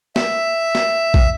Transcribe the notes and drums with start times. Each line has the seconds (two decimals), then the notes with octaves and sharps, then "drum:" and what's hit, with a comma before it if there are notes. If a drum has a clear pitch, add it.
0.16 E5, drum: snare
0.75 drum: snare
1.14 drum: kick A#1